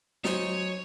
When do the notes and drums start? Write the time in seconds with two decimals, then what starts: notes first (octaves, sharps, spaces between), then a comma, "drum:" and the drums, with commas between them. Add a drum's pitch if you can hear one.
0.24 F#3 D#4 C5 C#5 G#5, drum: snare